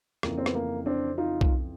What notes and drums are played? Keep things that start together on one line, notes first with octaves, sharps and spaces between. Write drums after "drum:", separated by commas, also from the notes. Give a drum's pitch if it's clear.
F2 C#3 E3 A#3, drum: rim click
C4
B3, drum: rim click
A#3
C4 D4
D#4 F4
drum: kick B1